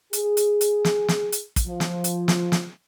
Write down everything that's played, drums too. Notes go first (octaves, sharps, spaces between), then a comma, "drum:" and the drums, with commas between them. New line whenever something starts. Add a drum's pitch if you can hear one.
G#4, drum: hi-hat
drum: hi-hat
drum: hi-hat
drum: snare
drum: snare
drum: hi-hat
drum: kick, hi-hat
F3
drum: snare
drum: hi-hat
drum: snare
drum: snare